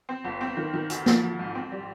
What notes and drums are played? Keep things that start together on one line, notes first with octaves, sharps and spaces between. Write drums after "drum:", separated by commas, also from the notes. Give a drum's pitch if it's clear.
C4
G1
C4
D#3
D#3
D2, drum: hi-hat
F3, drum: snare
F3
G#2
C4
G3